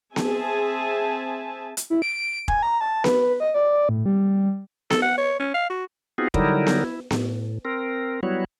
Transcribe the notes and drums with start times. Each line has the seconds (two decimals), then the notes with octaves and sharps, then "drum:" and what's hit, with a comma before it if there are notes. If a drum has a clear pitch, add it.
0.16 C4 G#4 E5 G#5 A5, drum: snare B3
1.77 drum: hi-hat
1.90 E4
2.02 D7
2.48 G#5, drum: kick F1
2.63 A#5
2.81 A5
3.04 B4, drum: snare B3
3.40 D#5
3.54 D5
3.89 A2
4.06 G3
4.90 A4, drum: snare B3
5.02 F#5
5.18 C#5
5.40 C#4
5.54 F5
5.70 F#4
6.18 B3 C4 D#4 F4 F#4 G#4
6.34 D3 F#3 G3 D#4 E4 A#4, drum: kick F1
6.67 drum: snare B3
6.84 E4
7.11 A2, drum: snare B3
7.65 C4 A#4
8.23 F#3 G3 B3 E4 F#4 C#5